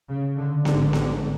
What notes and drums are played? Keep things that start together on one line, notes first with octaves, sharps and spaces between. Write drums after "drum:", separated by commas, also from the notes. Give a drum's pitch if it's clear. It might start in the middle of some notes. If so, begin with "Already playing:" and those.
C#3
D3
A1 G#2 D3, drum: snare B3
D3, drum: snare B3